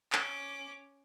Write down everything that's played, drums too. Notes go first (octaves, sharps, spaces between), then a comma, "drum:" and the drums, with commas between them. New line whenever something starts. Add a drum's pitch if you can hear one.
C#4 D6, drum: clap